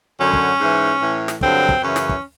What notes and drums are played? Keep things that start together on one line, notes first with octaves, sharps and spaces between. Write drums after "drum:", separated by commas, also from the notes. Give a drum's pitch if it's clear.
F#2 D3 F#3 C#4
drum: kick
G#2 E3
A2 E3
drum: snare
G2 D3 F#3 C4, drum: kick
drum: kick
F#2 C#3 E3 C#4
drum: snare
drum: kick